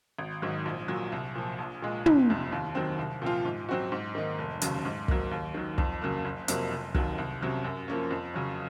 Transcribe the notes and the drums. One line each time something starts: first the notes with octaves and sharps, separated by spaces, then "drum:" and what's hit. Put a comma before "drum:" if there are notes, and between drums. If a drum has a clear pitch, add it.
G#1
G#2 D#3 F#3
A#1
A#2 F#3
C2
A#2 F3
A#1
A#2 G#3
F#1, drum: tom
F2 C3
D#2
D#3 F#3 C4
C2
A#2 F3 C4 F4
G#2
F#3 C4 F#4
G#2
D#3 A#3 D#4
F1
D#2 C#3 F#3, drum: hi-hat
G#2
F#3 A#3, drum: kick
D#2
D#3 F#3
F2, drum: kick
C#3 F#3 A#3
F#1
F2 C3 F#3 A#3, drum: hi-hat
F1
D#2 D#3 F#3, drum: kick
C2
C3 F#3 C#4
F#2
F3 A#3 C#4
F2
C#3 F#3 C#4